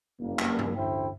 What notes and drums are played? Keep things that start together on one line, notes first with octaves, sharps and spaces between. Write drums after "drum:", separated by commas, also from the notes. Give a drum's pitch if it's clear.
F#1 G2 A#3
drum: clap
drum: tom G2
A1 D2 E4 C5 E5 G5